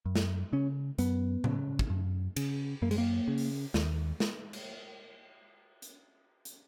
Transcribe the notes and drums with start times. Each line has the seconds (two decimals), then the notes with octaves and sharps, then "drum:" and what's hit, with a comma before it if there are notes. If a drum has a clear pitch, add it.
0.06 F#2
0.15 drum: snare
0.53 C#3 C#4
0.99 F#2 B3, drum: hi-hat
1.44 C#3, drum: tom A2
1.79 drum: kick
1.90 F#2
2.36 C#3, drum: cymbal
2.82 F#2 A#3
2.91 G#3, drum: cymbal
2.98 A#3
3.28 C#3
3.38 drum: open hi-hat
3.74 D#2, drum: snare
4.20 drum: snare
4.53 drum: cymbal
5.82 drum: hi-hat
6.45 drum: hi-hat